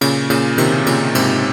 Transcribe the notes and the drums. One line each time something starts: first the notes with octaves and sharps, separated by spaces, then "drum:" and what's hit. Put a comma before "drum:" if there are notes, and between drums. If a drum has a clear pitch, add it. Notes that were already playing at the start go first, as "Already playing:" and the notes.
A#2 C#3, drum: cymbal
A#2 C#3, drum: cymbal
C3 D#3, drum: cymbal
A#2 C#3, drum: cymbal
G#2 C3, drum: cymbal